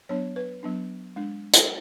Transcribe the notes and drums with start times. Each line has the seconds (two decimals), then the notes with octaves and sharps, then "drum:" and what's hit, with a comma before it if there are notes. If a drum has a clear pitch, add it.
0.09 F#3 B3 D4 C#5
0.36 B4
0.63 F#3 B3 D4
1.16 G#3 D4
1.54 drum: hi-hat